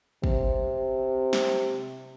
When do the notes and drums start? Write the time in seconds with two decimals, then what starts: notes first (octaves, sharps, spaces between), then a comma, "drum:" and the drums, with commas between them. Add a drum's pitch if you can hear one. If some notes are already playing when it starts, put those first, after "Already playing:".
0.24 C3, drum: kick
1.33 drum: snare